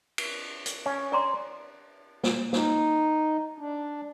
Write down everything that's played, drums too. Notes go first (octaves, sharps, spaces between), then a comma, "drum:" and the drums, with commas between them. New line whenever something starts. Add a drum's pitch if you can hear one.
drum: cymbal
drum: hi-hat
C#4
D5 A#5 C6
drum: snare
D#4, drum: snare
D4